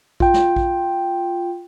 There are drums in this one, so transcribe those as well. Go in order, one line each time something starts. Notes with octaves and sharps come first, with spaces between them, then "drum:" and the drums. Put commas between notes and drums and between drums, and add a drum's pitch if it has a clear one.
F4 G5, drum: kick A1
drum: snare
drum: kick A1